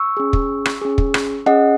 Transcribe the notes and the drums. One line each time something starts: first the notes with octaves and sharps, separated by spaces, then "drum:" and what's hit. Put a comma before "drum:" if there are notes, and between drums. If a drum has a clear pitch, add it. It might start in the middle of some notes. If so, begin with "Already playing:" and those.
Already playing: C#6 E6
C#4 G#4
drum: kick
drum: rim click
C#4 G#4
drum: kick
drum: rim click
C#4 G#4 D#5 F#5